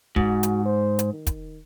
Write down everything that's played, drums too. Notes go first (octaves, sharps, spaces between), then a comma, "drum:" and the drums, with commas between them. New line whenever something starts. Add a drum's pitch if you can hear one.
G#2 F#4, drum: kick
drum: hi-hat
C5
drum: hi-hat
D#3
drum: kick, hi-hat